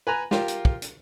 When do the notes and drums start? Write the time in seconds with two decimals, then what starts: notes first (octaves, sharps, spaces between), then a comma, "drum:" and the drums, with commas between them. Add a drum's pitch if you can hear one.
0.07 B4 G#5 A#5
0.31 F4 G4 A#4, drum: snare
0.48 drum: hi-hat
0.65 drum: kick
0.82 drum: hi-hat